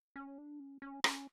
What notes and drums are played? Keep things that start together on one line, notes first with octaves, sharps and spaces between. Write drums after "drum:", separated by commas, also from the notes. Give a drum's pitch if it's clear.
C#4
D4
C#4
C#4
C#4, drum: rim click